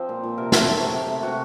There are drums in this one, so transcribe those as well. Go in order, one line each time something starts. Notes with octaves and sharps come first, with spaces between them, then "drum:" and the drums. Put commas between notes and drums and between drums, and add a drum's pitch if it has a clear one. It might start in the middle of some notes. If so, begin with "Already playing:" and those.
Already playing: F3 C4 C5 F5
A#2
A#2
C3 A#4
A3, drum: snare
F#3
C3
C3
A3
C3 F#4